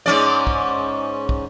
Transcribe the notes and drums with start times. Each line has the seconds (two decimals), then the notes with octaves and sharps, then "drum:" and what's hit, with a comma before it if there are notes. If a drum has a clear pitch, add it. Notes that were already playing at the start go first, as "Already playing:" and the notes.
0.06 G#2 C#4 D5
0.47 drum: kick
1.29 drum: kick